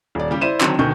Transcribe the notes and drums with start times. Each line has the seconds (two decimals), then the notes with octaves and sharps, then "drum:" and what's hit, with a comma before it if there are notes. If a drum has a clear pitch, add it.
0.15 D#1 D5
0.30 C#3 G3 G4
0.41 E4 C5 D5 E5 D#7 E7
0.61 D3 D#3 F#3 C4 D4, drum: clap
0.79 D2 B2 D#3 C#6 G6